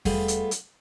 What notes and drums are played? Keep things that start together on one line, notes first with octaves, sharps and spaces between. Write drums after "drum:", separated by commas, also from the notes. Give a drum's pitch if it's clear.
G3 A3 B3 F4 G#4 A4, drum: kick E2, open hi-hat
drum: hi-hat
drum: hi-hat